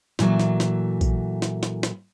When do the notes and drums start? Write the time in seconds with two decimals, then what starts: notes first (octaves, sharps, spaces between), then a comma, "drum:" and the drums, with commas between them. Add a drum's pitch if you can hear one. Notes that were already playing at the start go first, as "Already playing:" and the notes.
0.19 A#2 E3 F#3 A3, drum: snare
0.39 drum: snare
0.60 drum: snare
1.01 drum: kick A#1, tambourine
1.42 drum: snare
1.63 drum: snare
1.83 drum: snare